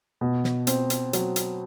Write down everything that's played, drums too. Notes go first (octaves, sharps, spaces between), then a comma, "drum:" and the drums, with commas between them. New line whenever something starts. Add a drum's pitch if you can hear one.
B2
drum: snare
C4, drum: hi-hat
drum: hi-hat
F#3, drum: hi-hat
drum: hi-hat